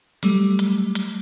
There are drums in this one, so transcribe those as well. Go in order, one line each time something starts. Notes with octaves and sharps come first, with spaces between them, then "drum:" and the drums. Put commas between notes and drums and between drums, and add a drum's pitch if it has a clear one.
F#3 G3 A3, drum: open hi-hat
drum: hi-hat
drum: hi-hat